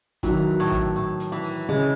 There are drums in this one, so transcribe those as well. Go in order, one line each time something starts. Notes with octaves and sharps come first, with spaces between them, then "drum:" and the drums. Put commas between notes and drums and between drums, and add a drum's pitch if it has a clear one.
D#3 E3 F#3, drum: kick, hi-hat
A2
drum: kick, hi-hat
A2
drum: hi-hat
E3
drum: open hi-hat
C#3 G#3